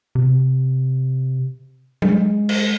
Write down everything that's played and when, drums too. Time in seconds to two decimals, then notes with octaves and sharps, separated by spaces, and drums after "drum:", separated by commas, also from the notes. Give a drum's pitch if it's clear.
0.15 C3
2.02 G#3, drum: tom F#3
2.49 drum: cymbal